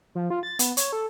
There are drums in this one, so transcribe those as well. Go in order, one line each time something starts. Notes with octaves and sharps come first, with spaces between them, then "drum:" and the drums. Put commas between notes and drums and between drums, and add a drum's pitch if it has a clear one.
F3
F4
A6
B3, drum: hi-hat
C#5, drum: hi-hat
A4